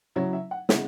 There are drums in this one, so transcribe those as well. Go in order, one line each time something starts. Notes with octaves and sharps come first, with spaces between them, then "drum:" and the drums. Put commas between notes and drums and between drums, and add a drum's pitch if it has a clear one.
C#3 F#3 C#4 E4 C#5
E5
F#5
C#3 G#3 B3 E4 F#5, drum: snare